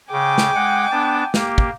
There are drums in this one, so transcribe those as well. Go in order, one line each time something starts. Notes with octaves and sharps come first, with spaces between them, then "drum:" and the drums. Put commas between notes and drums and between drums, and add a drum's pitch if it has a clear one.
C#3 G5 G#5 D6
drum: snare
G#3 F#5
B3 D4 A5
A#3 G4, drum: snare
drum: kick